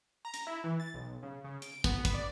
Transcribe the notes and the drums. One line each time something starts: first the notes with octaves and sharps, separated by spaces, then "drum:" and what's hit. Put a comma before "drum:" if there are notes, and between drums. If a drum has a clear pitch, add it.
A#5
drum: hi-hat
E4
E3
A6
B1
C#3
C#3
D7, drum: hi-hat
B3, drum: kick, hi-hat
drum: kick, hi-hat
D5